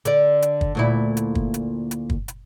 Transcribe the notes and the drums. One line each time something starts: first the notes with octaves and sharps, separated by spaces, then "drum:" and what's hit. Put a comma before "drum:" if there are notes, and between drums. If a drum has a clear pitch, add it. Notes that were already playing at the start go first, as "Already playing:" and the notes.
D3 D5, drum: hi-hat
drum: hi-hat
drum: kick
D2 A#2 E4
drum: hi-hat
drum: kick
drum: hi-hat
drum: hi-hat
drum: kick
drum: hi-hat